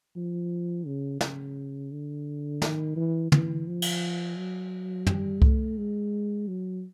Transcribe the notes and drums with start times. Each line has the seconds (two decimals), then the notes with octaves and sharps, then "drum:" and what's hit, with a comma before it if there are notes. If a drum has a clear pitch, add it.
0.16 F3
0.86 C#3
1.21 C#3, drum: snare
1.92 D3
2.62 D#3, drum: snare
2.96 E3
3.32 E3, drum: tom
3.67 F3
3.82 drum: cymbal
4.37 F#3
5.07 G3, drum: tom
5.42 A3, drum: kick C2
5.78 G#3
6.48 F#3